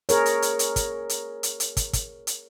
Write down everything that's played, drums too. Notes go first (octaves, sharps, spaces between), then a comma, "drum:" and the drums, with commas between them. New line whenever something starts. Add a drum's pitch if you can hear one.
G#4 A#4 C#5, drum: hi-hat
drum: hi-hat
drum: hi-hat
drum: hi-hat
drum: kick, hi-hat
drum: hi-hat
drum: hi-hat
drum: hi-hat
drum: kick, hi-hat
drum: kick, hi-hat
drum: hi-hat